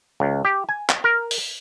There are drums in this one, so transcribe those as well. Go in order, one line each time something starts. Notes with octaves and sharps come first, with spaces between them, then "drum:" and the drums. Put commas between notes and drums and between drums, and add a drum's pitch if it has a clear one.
C#2
G4
G#5
drum: clap
A#4
drum: open hi-hat